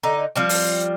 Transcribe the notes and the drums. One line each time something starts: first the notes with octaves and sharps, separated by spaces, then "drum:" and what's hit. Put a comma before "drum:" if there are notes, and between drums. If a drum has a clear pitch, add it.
D3 D#4
F3 G3 C4
drum: open hi-hat